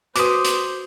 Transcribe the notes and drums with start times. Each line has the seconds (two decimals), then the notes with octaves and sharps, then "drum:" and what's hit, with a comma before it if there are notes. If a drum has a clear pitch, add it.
0.16 F#4 B4 C5 D6 D#6, drum: hi-hat
0.45 drum: hi-hat